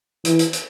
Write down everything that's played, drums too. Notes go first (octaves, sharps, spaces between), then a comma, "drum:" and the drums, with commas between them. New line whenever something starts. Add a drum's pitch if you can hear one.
E3, drum: hi-hat
drum: hi-hat
drum: hi-hat